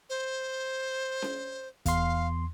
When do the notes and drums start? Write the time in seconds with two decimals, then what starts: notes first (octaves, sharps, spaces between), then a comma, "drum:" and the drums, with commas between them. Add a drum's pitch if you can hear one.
0.10 C5
1.22 drum: snare C#4
1.86 E2 F5 C6, drum: kick, hi-hat